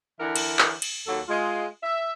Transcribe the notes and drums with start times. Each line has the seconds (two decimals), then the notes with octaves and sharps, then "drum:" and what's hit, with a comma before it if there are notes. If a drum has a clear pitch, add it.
0.20 D3 E3 D4 A#4 E5 F#5
0.36 drum: cymbal
0.59 drum: clap
0.82 drum: cymbal
1.07 D#2 F#3 A4
1.29 G#3 F4
1.83 E5